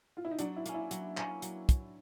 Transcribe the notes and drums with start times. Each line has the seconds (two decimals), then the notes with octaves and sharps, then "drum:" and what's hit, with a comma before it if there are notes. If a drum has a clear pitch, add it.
0.17 F4
0.25 E4
0.31 D#4
0.39 F#3 D4, drum: hi-hat
0.56 E4
0.66 A#3 C#4, drum: hi-hat
0.74 E4
0.91 F#3, drum: hi-hat
1.17 A#3 C#4, drum: clap
1.42 F#3, drum: hi-hat
1.69 drum: kick, hi-hat